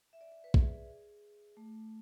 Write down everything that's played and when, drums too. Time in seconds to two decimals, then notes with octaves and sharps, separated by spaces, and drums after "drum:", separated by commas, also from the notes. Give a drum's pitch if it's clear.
0.13 E5
0.21 D5
0.32 D5
0.44 B4
0.54 G#4, drum: kick
1.57 A3